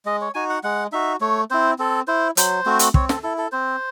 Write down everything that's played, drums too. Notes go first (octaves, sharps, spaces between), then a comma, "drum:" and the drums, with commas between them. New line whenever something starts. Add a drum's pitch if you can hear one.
G#3 D#5
C#5
D#4 F#4 G#5
F#5
G#3 F#5
D#4 F#4 E5
A3 C#5
C4 E4 C5
C4 A4
E4 C5
F#3 C5, drum: hi-hat
A3 C4 F#4
drum: hi-hat
C4 C#5, drum: kick
A4, drum: snare
E4 A4
A4
C4 C5